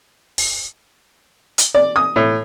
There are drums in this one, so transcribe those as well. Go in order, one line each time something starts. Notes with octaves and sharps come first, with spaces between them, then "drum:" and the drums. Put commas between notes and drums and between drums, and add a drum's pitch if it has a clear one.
drum: open hi-hat
drum: hi-hat
D5
D#6
A2